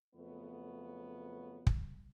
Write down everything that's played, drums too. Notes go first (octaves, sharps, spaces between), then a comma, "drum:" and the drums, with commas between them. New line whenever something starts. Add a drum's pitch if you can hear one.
F2 C#3 F#3 A3 B3
drum: kick